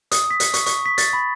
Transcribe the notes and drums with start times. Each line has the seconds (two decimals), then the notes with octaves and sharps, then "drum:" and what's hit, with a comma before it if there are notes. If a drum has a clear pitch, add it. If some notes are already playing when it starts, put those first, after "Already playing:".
0.12 D#6, drum: hi-hat
0.31 B6
0.40 drum: hi-hat
0.54 C#6, drum: hi-hat
0.66 C#6, drum: hi-hat
0.86 B6
0.98 A6, drum: hi-hat
1.13 B5